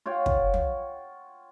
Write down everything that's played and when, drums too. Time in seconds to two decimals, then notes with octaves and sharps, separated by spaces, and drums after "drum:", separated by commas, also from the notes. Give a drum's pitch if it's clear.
0.06 F4 C#5 F#5 G5
0.26 drum: kick
0.54 drum: tom